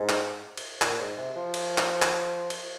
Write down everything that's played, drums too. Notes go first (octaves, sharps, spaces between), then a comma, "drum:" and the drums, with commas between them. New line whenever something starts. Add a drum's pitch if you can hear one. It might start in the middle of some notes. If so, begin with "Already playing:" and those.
Already playing: G#2
drum: clap
drum: cymbal
A#2, drum: clap
G#2
C3
F3
drum: cymbal
drum: clap
drum: clap
drum: cymbal